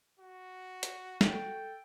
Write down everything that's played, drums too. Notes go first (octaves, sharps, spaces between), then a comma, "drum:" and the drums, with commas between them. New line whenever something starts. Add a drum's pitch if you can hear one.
F#4
drum: hi-hat
A4 G5, drum: snare